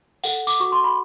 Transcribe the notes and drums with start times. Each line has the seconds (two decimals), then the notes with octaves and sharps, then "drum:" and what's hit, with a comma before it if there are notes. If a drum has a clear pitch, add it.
0.24 A4 F#5, drum: tambourine
0.47 D6, drum: tambourine
0.60 F#4 C#6
0.72 C6
0.84 B5